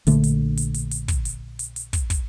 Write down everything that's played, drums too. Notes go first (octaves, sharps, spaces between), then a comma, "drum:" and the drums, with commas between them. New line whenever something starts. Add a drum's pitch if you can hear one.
A#1 D3 A3, drum: hi-hat
drum: hi-hat
drum: hi-hat
drum: hi-hat
drum: hi-hat
drum: kick, hi-hat
drum: hi-hat
drum: hi-hat
drum: hi-hat
drum: kick, hi-hat
drum: kick, hi-hat